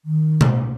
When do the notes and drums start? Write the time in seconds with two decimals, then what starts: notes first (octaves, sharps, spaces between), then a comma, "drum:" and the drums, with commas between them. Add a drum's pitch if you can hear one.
0.05 D#3
0.41 drum: tom B2